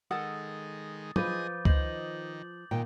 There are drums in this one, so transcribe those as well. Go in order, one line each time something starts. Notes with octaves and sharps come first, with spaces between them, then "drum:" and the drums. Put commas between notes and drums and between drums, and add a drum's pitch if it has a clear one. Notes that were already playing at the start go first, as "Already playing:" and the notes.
D#3 G#3 A4 A#4 F#5 D#6 A6
F3 F4 G#4 B4 D#5 D6 G6 A6, drum: tom F#3
D#3 C5 D#5 F#7, drum: kick C#2
A#2 D#3 G5